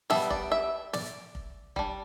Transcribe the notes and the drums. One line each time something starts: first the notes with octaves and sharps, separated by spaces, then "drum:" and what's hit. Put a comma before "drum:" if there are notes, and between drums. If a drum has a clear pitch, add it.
G3 B3 D4 E5, drum: snare
D5, drum: kick F1
E5
D5, drum: snare
drum: kick F1
G3 D4, drum: kick F1